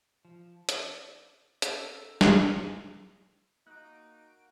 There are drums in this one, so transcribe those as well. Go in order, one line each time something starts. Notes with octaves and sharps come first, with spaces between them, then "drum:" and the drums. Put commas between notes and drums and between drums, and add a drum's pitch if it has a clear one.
F3
D5, drum: hi-hat
C#4 A4 A#5 E6, drum: hi-hat
drum: snare
A#3 D#4 F#4 F#6 D7